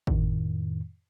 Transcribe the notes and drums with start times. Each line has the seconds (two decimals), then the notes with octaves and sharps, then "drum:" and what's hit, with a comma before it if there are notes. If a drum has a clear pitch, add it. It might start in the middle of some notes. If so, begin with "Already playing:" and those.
0.07 F2 A2 D#3, drum: kick